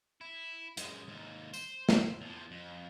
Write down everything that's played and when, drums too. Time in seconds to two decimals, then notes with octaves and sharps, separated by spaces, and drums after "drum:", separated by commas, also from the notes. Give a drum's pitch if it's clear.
0.21 E4
0.77 F#2 G#3, drum: hi-hat
1.08 D#2 G#2
1.54 C5, drum: tambourine
1.89 drum: snare
2.21 E2 F3
2.51 F2